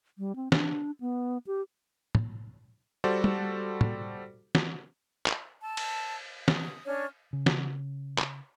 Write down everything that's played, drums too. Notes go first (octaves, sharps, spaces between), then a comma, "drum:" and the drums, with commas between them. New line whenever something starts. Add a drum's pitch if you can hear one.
G3
C4
D4, drum: snare
B3
G4
drum: tom
G3 F#4 A4 C5 D5
drum: tom
drum: tom
drum: snare
drum: clap
A5 E6
drum: cymbal
D#6, drum: snare
C#4 D4 C#5 F6
C#3
drum: snare
drum: clap